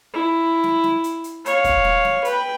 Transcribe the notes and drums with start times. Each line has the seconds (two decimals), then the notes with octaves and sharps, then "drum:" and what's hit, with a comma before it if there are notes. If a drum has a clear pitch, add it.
0.14 E4
0.63 drum: snare
0.84 drum: snare
1.04 drum: hi-hat
1.24 drum: hi-hat
1.46 C#5 F5, drum: hi-hat
1.64 drum: kick, hi-hat
1.84 drum: snare
2.05 drum: snare
2.25 B4 G5, drum: hi-hat